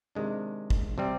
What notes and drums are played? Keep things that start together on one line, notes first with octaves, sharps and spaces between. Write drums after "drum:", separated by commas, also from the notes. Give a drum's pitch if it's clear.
C3 D#3 G#3 D4
drum: kick
C3 G3 C4